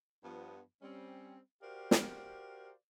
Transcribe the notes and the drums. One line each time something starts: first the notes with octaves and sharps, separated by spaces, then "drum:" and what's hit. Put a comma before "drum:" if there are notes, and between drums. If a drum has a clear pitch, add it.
G2 F3 B3
G3 C4 C#4
F#4 G4 A#4 C5 D5 F5
drum: snare